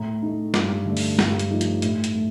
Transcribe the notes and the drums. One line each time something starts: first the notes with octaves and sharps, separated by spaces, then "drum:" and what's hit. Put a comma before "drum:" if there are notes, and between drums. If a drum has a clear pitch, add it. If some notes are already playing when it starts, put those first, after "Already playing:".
Already playing: A2 A#5
A3 D#4
G2 D6, drum: snare
D3 A3 D4
drum: open hi-hat
G2, drum: snare
drum: hi-hat
F3 A3 D#4
drum: hi-hat
A2, drum: hi-hat
drum: hi-hat
A3